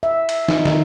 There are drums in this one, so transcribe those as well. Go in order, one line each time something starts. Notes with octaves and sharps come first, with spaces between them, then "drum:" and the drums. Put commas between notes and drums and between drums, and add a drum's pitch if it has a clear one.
E5
drum: cymbal
D#4, drum: snare
D#3, drum: snare